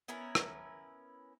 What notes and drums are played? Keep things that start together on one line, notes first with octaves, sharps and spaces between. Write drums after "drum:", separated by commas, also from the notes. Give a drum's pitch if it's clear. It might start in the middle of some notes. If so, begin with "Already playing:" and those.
B3 C#4 E4 A#4
drum: rim click